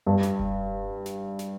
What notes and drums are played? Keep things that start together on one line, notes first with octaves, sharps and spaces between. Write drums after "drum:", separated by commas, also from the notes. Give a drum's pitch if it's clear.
G2
drum: snare
drum: kick F1
drum: snare
drum: snare